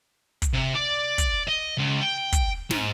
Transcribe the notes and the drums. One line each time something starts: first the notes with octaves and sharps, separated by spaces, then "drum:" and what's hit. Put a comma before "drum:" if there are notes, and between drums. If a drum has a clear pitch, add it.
drum: kick, hi-hat
C3
D5
drum: kick, hi-hat
D#5
C#2
G5
drum: kick, hi-hat
G#2, drum: snare